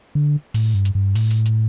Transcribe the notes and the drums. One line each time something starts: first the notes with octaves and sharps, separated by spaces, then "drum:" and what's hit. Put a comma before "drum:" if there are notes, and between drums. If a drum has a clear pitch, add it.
D3
A2, drum: open hi-hat
G2
drum: hi-hat
G2
A2, drum: open hi-hat
drum: hi-hat
drum: hi-hat